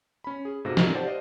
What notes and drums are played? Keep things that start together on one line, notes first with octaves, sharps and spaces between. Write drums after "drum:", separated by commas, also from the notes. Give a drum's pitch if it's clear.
C#4 B5
G#4
G#2 C3 F#4 A4 F5 A#6
D4 D#4 F4 A4 A#4, drum: snare
G4 C5 D5 F#5 G5 A5
C5 D#5 F5